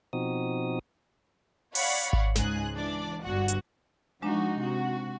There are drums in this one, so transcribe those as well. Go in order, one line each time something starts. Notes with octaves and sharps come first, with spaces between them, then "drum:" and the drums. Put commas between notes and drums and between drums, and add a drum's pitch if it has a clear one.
B2 F3 C4 D#4 F#4 D#6
C#5 D5 F5 F#5 B5 C#6, drum: open hi-hat
drum: kick G#1
C#2 G#2 G#4 F#6, drum: snare
E3 D4 D5
G1 G2 F#4 F#5
drum: hi-hat
F3 G#3 D4 D#4 F#4
C3 F#4